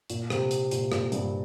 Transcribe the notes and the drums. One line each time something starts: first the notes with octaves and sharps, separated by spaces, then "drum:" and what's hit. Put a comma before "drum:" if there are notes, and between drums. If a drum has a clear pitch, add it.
A#2, drum: hi-hat
C3, drum: rim click
drum: hi-hat
A#2, drum: hi-hat
A#2, drum: rim click
G2, drum: hi-hat